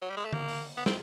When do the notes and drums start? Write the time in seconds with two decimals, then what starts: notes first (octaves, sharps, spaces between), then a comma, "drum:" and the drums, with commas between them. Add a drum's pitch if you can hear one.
0.02 F#3
0.10 G3
0.17 G#3
0.25 A3
0.33 A#3, drum: tom D3
0.48 drum: open hi-hat
0.77 B3
0.86 C4, drum: snare